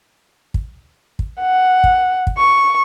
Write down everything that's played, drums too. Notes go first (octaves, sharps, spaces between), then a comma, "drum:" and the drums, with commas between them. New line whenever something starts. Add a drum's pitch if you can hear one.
drum: kick
drum: kick
F#5
drum: kick
drum: kick
C#6